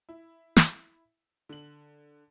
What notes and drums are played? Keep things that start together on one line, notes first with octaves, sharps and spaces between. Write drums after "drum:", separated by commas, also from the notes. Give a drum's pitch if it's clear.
E4
drum: snare
D3 F#7